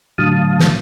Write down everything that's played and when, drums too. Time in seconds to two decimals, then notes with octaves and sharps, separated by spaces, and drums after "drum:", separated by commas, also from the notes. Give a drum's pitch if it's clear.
0.18 A2 D3 F#3 F5 A5 D#6
0.59 drum: snare